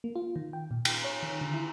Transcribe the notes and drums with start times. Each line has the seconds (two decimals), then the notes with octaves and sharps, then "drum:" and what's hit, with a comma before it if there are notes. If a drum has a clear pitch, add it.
0.04 A#3
0.16 F4
0.36 D#3
0.53 G5
0.71 A#2
0.85 G5, drum: cymbal
1.04 C#5
1.23 D#3
1.41 D3
1.54 E4